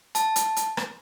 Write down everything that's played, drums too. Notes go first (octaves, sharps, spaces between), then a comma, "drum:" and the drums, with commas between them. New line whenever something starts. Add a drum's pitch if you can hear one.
A5, drum: hi-hat
drum: hi-hat
drum: hi-hat
drum: rim click